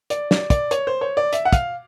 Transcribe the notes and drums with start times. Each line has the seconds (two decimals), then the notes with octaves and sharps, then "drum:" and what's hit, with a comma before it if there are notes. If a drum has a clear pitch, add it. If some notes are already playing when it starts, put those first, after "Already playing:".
0.10 D5, drum: hi-hat
0.31 D5, drum: snare
0.50 D5, drum: kick, hi-hat
0.71 C#5, drum: hi-hat
0.87 C5
1.01 C#5
1.17 D5
1.33 E5, drum: hi-hat
1.45 F#5
1.53 F5, drum: kick, hi-hat